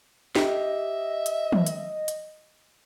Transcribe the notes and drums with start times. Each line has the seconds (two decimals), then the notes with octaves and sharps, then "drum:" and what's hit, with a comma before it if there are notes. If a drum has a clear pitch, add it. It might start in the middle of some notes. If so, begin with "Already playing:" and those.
0.35 G4 D#5 E5, drum: snare
1.26 drum: hi-hat
1.52 drum: tom
1.67 drum: hi-hat
2.08 drum: hi-hat